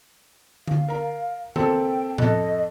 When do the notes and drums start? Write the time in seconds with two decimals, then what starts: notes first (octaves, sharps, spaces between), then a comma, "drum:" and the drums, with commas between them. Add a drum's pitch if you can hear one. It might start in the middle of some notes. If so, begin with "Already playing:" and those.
0.67 F5, drum: tom D3
0.88 A#4 A#5
1.56 A#3 C4 A4 G5, drum: tom D#3
2.18 F2 A4 D#5 F#6, drum: tom A2